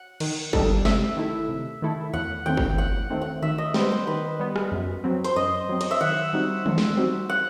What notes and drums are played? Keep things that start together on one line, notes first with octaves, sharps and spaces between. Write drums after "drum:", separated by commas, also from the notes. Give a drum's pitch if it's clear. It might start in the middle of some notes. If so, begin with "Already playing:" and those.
Already playing: F#5
D#3, drum: cymbal
G3 D#4 A4, drum: kick G1
C3 E5, drum: snare
D#3 A3 E4 A4
C3
D#3 A3 E4 A4
E2 F#5
D#3 A3 C4 G5
drum: kick G1
E2 F#5
D#3 A3 C4
F#5
D#3 E5
D#5
G3 B3 C5, drum: snare
C5
D#3 B4
G3 B3
drum: rim click
F#2
F#3 C4
C5, drum: hi-hat
F#2 D#5
F#3 C4
D#5, drum: cymbal
E5
D#3 F#5
G3 C4 D#4 F#4
D#3, drum: tom
drum: snare
G3 C4 D#4 F#4
F#5